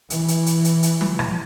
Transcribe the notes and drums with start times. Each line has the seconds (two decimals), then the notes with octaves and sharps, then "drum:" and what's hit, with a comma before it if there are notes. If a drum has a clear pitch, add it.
0.10 E3, drum: hi-hat
0.28 drum: hi-hat
0.46 drum: hi-hat
0.65 drum: hi-hat
0.83 drum: hi-hat
1.01 drum: tom F3
1.19 drum: rim click